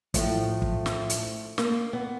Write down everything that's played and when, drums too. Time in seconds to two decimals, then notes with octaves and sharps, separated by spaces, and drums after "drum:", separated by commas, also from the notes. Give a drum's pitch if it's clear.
0.14 A2 F3 A3, drum: kick, hi-hat
0.62 drum: kick
0.86 drum: snare
1.10 drum: hi-hat
1.58 A#3, drum: snare
1.93 B3